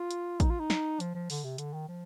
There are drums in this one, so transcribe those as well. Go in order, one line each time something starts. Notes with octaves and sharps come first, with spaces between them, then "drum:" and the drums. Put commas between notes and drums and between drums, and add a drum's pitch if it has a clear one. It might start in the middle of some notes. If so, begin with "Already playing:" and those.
Already playing: F4
drum: hi-hat
D#4, drum: kick A1, hi-hat
F4
D#4
drum: snare
F3, drum: hi-hat
F3
D3, drum: open hi-hat
C3
D3, drum: hi-hat
D#3
F3